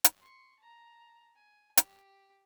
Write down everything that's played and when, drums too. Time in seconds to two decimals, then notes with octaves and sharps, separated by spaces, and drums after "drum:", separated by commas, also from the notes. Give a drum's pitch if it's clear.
0.04 drum: hi-hat
0.19 C6 C#6
0.59 A5 A#5
1.35 G#5
1.77 G4, drum: hi-hat